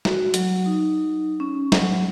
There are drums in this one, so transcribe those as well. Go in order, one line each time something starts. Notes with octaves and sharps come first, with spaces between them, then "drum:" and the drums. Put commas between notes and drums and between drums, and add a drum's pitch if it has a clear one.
F#4, drum: snare
F#3, drum: hi-hat
D#4
C#4
F#3, drum: snare